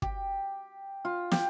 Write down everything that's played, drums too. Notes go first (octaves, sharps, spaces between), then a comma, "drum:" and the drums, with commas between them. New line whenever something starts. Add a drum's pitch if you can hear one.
G4, drum: kick
F4
G4, drum: snare